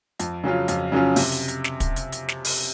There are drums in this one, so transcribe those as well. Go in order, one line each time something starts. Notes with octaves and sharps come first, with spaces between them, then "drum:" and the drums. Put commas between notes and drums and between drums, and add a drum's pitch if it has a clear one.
F2, drum: hi-hat
C#3 F#3 C#4 F4
F2, drum: hi-hat
C#3 F#3 C#4 F4
C3, drum: open hi-hat
drum: hi-hat
drum: hi-hat
drum: snare
drum: kick, hi-hat
drum: hi-hat
drum: hi-hat
drum: snare
drum: open hi-hat